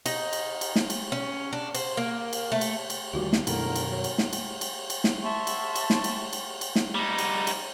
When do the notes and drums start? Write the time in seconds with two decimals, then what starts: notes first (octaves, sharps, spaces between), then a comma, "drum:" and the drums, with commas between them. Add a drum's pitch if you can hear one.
0.06 D#4, drum: cymbal
0.33 drum: cymbal
0.61 drum: cymbal
0.76 drum: snare
0.90 drum: cymbal
1.12 C#4
1.53 D4
1.75 C5, drum: cymbal
1.97 A#3
2.33 drum: cymbal
2.52 A3
2.61 drum: cymbal
2.90 drum: cymbal
3.13 D2 A#2 D#3 G3 F#4 G4
3.33 drum: snare
3.47 F#2 B2 D3 D#3 E4 A4 A#4, drum: cymbal
3.76 drum: cymbal
3.88 F#3
4.04 drum: cymbal
4.18 drum: snare
4.33 drum: cymbal
4.61 drum: cymbal
4.90 drum: cymbal
5.04 drum: snare
5.23 E5 A5 C6 C#6
5.47 drum: cymbal
5.76 drum: cymbal
5.90 drum: snare
6.04 drum: cymbal
6.33 drum: cymbal
6.61 drum: cymbal
6.76 drum: snare
6.95 G3 D#4
7.18 drum: cymbal
7.47 drum: cymbal